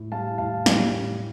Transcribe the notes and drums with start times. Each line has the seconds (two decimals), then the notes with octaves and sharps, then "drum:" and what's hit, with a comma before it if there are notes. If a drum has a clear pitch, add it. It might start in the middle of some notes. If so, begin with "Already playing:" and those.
Already playing: A2
0.12 G3 F5 A5
0.38 A2 F5 A5
0.66 G3, drum: snare
0.92 A2